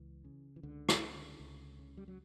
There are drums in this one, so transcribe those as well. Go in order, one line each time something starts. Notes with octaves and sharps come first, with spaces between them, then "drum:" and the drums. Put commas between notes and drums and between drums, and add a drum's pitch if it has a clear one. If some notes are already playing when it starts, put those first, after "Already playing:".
Already playing: C#2 E3
C#3
E3
C#2 D3
drum: rim click
C#3
C#2
C#3
G3
F#3